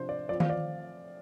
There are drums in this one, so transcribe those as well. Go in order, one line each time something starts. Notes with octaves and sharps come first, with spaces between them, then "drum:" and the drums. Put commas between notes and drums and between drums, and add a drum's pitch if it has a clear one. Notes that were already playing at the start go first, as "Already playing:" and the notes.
Already playing: C3 F3 D4 C5
D5
F3 C4 D5
F5, drum: tom D#3
D5